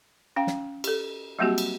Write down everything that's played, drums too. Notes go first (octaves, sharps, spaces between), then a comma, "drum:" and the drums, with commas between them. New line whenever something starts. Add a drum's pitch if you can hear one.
C#4 F5 G5
drum: snare
G4 A4, drum: cymbal
F#3 G3 A#3 C4 F#4 G4
drum: cymbal